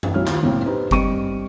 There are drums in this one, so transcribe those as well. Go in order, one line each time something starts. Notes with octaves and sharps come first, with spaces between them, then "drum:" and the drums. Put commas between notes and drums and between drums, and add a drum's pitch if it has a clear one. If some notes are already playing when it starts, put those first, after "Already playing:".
drum: tom
B1 F#3 E4 C#5 F6
D#2 F4, drum: clap
F#1 A2 A#3 C4
D#4 G4 B4 C5
G2 C4 D#5 C#6 D7 D#7, drum: kick G1